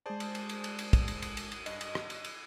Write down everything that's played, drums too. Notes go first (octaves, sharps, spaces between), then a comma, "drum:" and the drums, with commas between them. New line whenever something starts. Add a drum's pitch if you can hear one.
G#3 G#4 C5 D5 A5
drum: cymbal
drum: cymbal
drum: cymbal
drum: cymbal
drum: cymbal
drum: kick, cymbal
drum: cymbal
drum: cymbal
drum: cymbal
drum: cymbal
G2 D#5, drum: cymbal
drum: cymbal
drum: rim click
drum: cymbal
drum: cymbal